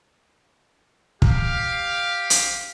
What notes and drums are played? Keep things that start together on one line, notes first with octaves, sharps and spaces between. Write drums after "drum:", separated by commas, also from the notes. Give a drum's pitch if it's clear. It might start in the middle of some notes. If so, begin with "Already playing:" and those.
G4 F5, drum: kick
drum: hi-hat